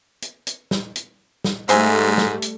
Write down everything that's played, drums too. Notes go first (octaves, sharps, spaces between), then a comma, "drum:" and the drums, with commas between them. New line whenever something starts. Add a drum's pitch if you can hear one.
drum: hi-hat
drum: hi-hat
drum: snare
drum: hi-hat
drum: snare
G#2 G3 A3 C5 E5 G#5, drum: hi-hat
drum: snare
drum: hi-hat